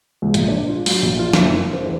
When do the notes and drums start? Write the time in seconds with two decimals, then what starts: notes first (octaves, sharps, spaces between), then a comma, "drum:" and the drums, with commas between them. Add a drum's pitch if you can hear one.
0.22 C#2
0.34 A#1, drum: hi-hat
0.48 D4
0.68 F4
0.86 F#3, drum: open hi-hat
1.03 A#1
1.19 F4
1.33 F#1, drum: snare
1.52 A#3
1.72 C5
1.85 E2